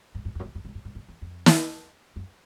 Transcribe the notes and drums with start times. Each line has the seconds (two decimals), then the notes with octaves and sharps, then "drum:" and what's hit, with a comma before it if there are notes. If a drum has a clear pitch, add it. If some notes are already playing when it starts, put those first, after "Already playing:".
0.15 G2
0.25 F#2
0.35 E2
0.39 F#2
0.45 F2
0.55 F#2
0.65 G2
0.75 F#2
0.85 G2
0.95 F#2
1.08 E2
1.22 F2
1.46 drum: snare
2.16 F#2